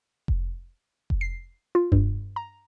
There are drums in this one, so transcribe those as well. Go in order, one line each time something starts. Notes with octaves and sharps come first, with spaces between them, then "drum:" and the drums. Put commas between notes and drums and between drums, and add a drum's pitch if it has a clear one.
drum: kick F1
drum: kick F1
C7
F4
G2, drum: kick F1
A#5